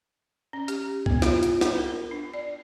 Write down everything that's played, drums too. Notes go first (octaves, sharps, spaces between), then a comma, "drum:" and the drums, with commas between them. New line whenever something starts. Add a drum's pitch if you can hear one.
C#4
G4, drum: hi-hat
B3, drum: kick C2
F4, drum: snare
drum: hi-hat
drum: snare
A#4
D4
D5